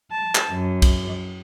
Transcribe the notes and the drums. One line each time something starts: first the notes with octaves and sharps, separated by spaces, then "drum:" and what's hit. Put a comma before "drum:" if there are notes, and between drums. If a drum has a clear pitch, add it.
A5
drum: clap
F#2
drum: kick, cymbal